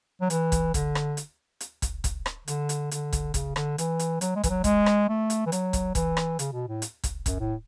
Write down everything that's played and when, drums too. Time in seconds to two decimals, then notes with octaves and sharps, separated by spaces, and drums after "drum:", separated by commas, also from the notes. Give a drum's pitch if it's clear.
0.21 F#3
0.30 E3, drum: hi-hat
0.52 drum: kick, hi-hat
0.74 D3, drum: kick, hi-hat
0.95 drum: rim click
1.17 drum: hi-hat
1.60 drum: hi-hat
1.82 drum: kick, hi-hat
2.04 drum: kick, hi-hat
2.26 drum: rim click
2.48 D3, drum: hi-hat
2.69 drum: hi-hat
2.91 D3, drum: hi-hat
3.13 drum: kick, hi-hat
3.34 C#3, drum: kick, hi-hat
3.56 D3, drum: rim click
3.78 E3, drum: hi-hat
3.99 drum: hi-hat
4.21 F#3, drum: hi-hat
4.36 G#3
4.44 E3, drum: kick, hi-hat
4.49 F#3
4.64 G#3, drum: kick, hi-hat
4.86 drum: rim click
5.09 A3
5.30 drum: hi-hat
5.46 E3
5.52 F#3, drum: hi-hat
5.73 drum: kick, hi-hat
5.95 E3, drum: kick, hi-hat
6.17 drum: rim click
6.39 C#3, drum: hi-hat
6.53 B2
6.68 A2
6.82 drum: hi-hat
7.04 drum: kick, hi-hat
7.26 F#2, drum: kick, hi-hat
7.39 A2